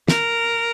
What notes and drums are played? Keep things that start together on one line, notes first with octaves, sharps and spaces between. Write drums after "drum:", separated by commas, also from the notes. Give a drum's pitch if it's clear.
A#4, drum: snare